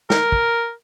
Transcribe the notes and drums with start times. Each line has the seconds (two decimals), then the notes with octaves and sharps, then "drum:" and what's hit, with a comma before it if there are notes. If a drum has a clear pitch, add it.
0.10 A#4, drum: snare
0.32 drum: kick